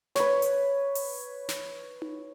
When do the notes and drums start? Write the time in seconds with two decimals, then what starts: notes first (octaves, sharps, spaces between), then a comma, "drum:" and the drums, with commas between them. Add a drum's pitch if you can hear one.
0.15 B4 C#5, drum: snare
0.42 drum: hi-hat
0.95 drum: open hi-hat
1.49 drum: snare
2.02 drum: tom D#4